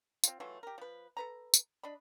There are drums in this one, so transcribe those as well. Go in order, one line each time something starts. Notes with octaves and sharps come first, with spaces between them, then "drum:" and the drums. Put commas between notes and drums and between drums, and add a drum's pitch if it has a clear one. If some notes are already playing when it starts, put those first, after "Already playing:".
C4 F4, drum: tambourine
E3 F#3 A3 F4
G4 A#4
F3 B4
A4 B4 A#5
drum: tambourine
D4 D#5 B5